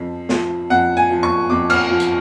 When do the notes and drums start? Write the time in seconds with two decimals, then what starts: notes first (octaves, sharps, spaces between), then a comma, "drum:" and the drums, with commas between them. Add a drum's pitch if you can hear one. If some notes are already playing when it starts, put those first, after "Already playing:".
Already playing: F2 F3
0.29 F3, drum: snare
0.70 F2 F#5
0.97 G#5
1.10 F3
1.23 C#6
1.50 F2 D6
1.70 F6, drum: cymbal
1.90 F3
2.00 drum: hi-hat